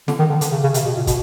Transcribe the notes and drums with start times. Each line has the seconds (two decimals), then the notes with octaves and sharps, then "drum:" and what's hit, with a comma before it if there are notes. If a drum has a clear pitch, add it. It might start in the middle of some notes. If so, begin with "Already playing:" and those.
0.08 D3, drum: snare
0.19 D#3
0.30 D3
0.41 D3, drum: hi-hat
0.52 C#3
0.63 C#3
0.74 C3, drum: hi-hat
0.85 B2
0.96 A#2
1.07 B2, drum: kick, hi-hat